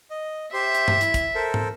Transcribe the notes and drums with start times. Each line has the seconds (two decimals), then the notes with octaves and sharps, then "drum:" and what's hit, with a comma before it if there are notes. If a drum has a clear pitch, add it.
0.11 D#5
0.53 G4 C5 E5 C6
0.74 drum: hi-hat
0.88 drum: tom G2
1.01 E4, drum: hi-hat
1.14 drum: kick, hi-hat
1.35 A4 A#4 C5
1.54 drum: tom